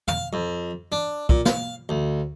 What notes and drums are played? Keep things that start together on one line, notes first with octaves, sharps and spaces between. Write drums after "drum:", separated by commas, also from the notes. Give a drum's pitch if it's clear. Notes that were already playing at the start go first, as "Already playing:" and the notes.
F5, drum: tom
F2
D4
A#2, drum: kick
F5, drum: snare
D2